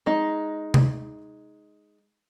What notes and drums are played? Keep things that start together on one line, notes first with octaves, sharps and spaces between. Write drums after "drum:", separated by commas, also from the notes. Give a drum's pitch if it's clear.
G#3 D#4
drum: tom C3